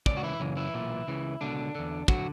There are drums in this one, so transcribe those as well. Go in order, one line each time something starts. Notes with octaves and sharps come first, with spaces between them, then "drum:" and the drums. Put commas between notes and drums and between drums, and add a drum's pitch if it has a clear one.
C#2 C#3 D5, drum: kick
F#4
E3 E4
F#2 C#3 E3
E3 E4
B1 A#2
C#2 C#3 E3
C#2 B2 D3 D4
E2 D3
D3 F#3 F#4, drum: kick